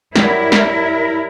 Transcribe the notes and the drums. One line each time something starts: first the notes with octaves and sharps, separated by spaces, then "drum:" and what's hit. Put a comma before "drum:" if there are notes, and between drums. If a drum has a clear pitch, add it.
F#3 G3 E4 A#4 D5, drum: snare
drum: snare